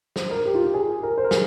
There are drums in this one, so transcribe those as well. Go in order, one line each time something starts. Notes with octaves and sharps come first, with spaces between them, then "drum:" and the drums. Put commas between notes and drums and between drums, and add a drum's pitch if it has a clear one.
C5, drum: snare
A#4
G4
F4
G4
G#4
A#4
C5
A#4
G#4, drum: snare